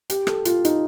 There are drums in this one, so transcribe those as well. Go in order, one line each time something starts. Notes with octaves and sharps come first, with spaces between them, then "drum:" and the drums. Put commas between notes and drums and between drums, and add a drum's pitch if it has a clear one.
G4, drum: hi-hat
A4, drum: rim click
F4, drum: hi-hat
D#4, drum: hi-hat